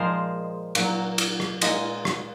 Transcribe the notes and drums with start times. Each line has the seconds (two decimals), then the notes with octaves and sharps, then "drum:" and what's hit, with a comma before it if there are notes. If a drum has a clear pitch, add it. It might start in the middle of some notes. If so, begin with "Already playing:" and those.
Already playing: A#2 F3 G#3 A#4 C5
0.75 A#2 F#3, drum: cymbal
1.18 drum: cymbal
1.40 drum: rim click
1.61 A#2 G#3 D#5, drum: cymbal
2.05 drum: rim click